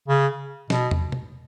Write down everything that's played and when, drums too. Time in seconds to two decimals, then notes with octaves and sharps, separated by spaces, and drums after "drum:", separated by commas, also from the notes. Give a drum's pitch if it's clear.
0.08 C#3
0.70 B2, drum: snare
0.91 drum: tom
1.12 drum: tom B2